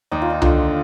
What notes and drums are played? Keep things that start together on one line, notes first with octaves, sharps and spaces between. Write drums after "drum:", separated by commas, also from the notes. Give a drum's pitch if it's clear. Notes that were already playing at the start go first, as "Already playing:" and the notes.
D#2 D#4
F4
D#4
D3 F4, drum: tom C2